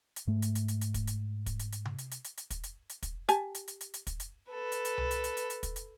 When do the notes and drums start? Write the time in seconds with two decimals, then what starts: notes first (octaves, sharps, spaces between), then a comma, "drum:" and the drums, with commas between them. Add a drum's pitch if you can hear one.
0.16 drum: hi-hat
0.27 G#2 A3
0.42 drum: hi-hat
0.55 drum: hi-hat
0.68 drum: hi-hat
0.81 drum: hi-hat
0.94 drum: kick, hi-hat
1.07 drum: hi-hat
1.46 drum: kick, hi-hat
1.59 drum: hi-hat
1.72 drum: hi-hat
1.85 drum: tom C3
1.98 drum: hi-hat
2.11 drum: hi-hat
2.24 drum: hi-hat
2.37 drum: hi-hat
2.50 drum: kick, hi-hat
2.63 drum: hi-hat
2.89 drum: hi-hat
3.03 drum: kick, hi-hat
3.29 G4 G#5 A5, drum: hi-hat
3.55 drum: hi-hat
3.68 drum: hi-hat
3.81 drum: hi-hat
3.94 drum: hi-hat
4.07 drum: kick, hi-hat
4.20 drum: hi-hat
4.51 A4 B4
4.72 drum: hi-hat
4.85 drum: hi-hat
4.98 drum: tom C2
5.11 drum: hi-hat
5.24 drum: hi-hat
5.37 drum: hi-hat
5.50 drum: hi-hat
5.63 drum: kick, hi-hat
5.76 drum: hi-hat